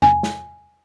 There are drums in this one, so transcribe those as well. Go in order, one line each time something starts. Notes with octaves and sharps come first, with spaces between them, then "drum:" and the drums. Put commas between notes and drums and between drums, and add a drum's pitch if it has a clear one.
G#5, drum: tom
drum: snare